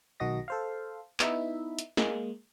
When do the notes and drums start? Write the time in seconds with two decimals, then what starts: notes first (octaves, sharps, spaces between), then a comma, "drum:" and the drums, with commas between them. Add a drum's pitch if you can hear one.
0.20 B1 D#3 F#4 D#5 A#6
0.48 A4 C5 F5
1.20 B3 D#4 E4 E5, drum: clap
1.79 drum: hi-hat
1.97 G#3 A#3, drum: snare